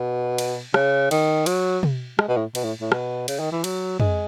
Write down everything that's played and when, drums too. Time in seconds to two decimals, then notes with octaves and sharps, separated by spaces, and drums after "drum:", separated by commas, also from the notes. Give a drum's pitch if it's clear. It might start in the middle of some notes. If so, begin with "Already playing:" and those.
Already playing: B2
0.38 drum: cymbal
0.74 C#3, drum: rim click
1.11 D#3, drum: cymbal
1.46 F#3, drum: cymbal
1.83 drum: tom
2.19 G#3, drum: rim click
2.28 B2
2.37 A2
2.55 B2, drum: cymbal
2.64 A2
2.81 A2
2.92 B2, drum: rim click
3.28 C#3, drum: cymbal
3.40 D#3
3.52 E3
3.64 F#3, drum: cymbal
4.00 G#3, drum: tom